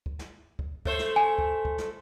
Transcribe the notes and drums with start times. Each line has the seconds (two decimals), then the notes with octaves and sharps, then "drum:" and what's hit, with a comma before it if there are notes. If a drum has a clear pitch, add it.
0.06 drum: kick
0.19 drum: snare
0.59 drum: kick
0.85 A3 C5, drum: kick
0.99 drum: snare
1.16 G#5
1.38 drum: kick
1.65 drum: kick
1.78 drum: snare